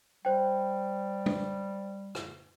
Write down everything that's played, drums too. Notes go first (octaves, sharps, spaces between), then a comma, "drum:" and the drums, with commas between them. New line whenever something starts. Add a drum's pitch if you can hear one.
G3 C5 G5
drum: tom
drum: rim click